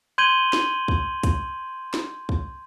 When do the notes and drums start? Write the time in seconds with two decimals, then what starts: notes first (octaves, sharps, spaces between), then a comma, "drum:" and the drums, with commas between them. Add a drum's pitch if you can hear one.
0.18 C6 G6 G#6 D#7 F#7 G7
0.53 drum: snare
0.88 drum: kick
1.23 drum: kick, hi-hat
1.94 drum: snare
2.29 drum: kick